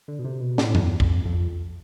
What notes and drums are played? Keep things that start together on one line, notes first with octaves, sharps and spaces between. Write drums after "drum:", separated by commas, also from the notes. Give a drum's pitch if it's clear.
D3
B2
C3
B2
A2, drum: snare
E2, drum: tom F#2
F2, drum: kick
F2